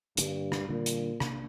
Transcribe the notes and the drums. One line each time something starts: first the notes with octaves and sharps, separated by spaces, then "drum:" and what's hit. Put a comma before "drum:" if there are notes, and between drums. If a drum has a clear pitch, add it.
G2 D3 G3 A#3 D4, drum: hi-hat
drum: rim click
A#2 D3 G3 A#3 D4
drum: hi-hat
C3 A#3 D4, drum: rim click